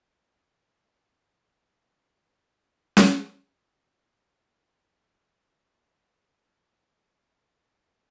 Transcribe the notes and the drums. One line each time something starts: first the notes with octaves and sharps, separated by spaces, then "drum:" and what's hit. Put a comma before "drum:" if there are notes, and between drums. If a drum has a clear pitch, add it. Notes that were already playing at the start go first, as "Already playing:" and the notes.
G5
C3
drum: snare C#4
C#5 F5 A5 A#5 C6 D#6
D3 D#3 F#3 C#4 D4
G#3 C#4 D4 D#5 B5 C7
F#5
A#3
G6
D#6
C#3
F#6